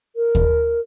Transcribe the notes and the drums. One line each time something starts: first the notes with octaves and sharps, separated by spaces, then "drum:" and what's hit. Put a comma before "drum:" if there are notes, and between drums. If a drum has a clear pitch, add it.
A#4
drum: kick D#2